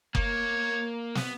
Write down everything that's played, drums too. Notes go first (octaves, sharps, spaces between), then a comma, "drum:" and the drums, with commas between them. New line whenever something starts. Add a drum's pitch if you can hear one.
A#3 C#5, drum: kick F#1
B3, drum: snare